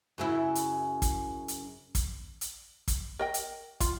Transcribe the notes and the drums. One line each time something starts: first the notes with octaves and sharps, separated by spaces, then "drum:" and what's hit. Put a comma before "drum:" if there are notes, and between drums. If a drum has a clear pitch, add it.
F#2 C#3 E4
drum: hi-hat
drum: kick, hi-hat
drum: hi-hat
drum: kick, hi-hat
drum: hi-hat
drum: kick, hi-hat
A#4 D#5 G5
drum: hi-hat
F4, drum: kick, hi-hat